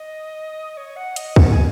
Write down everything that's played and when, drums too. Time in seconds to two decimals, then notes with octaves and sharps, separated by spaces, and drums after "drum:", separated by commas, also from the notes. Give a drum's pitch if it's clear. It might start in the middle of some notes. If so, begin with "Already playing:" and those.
Already playing: D#5
0.77 C#5
0.96 F#5
1.16 D#5, drum: hi-hat
1.36 F#5, drum: kick
1.51 G#5